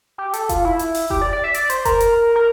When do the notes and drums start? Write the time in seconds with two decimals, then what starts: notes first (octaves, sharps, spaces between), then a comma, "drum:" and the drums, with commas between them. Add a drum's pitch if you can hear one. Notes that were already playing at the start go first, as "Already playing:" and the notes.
0.18 G4
0.34 A4, drum: hi-hat
0.49 F4, drum: kick F1, hi-hat
0.64 E4
0.79 drum: hi-hat
0.94 drum: open hi-hat
1.10 G4, drum: kick F1
1.22 D5
1.32 D5
1.44 E5
1.54 D5, drum: hi-hat
1.70 C5, drum: hi-hat
1.85 A#4, drum: kick F1, hi-hat
2.00 drum: hi-hat
2.36 A#4